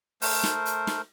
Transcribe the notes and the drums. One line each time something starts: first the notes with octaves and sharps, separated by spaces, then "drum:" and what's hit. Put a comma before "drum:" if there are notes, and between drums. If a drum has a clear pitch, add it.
A3 A#4 C5, drum: open hi-hat
drum: snare
drum: hi-hat
drum: snare